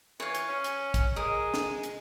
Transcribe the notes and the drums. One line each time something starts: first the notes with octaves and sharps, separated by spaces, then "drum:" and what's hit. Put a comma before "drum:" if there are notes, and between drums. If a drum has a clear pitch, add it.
E3 C#5 F5
drum: hi-hat
C#4
drum: hi-hat
drum: kick, hi-hat
G#3 A#4 D#6
drum: snare
drum: hi-hat